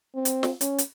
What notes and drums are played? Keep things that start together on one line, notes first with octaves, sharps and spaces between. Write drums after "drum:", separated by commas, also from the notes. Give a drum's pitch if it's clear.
C4
drum: hi-hat
drum: snare
C#4, drum: hi-hat
drum: hi-hat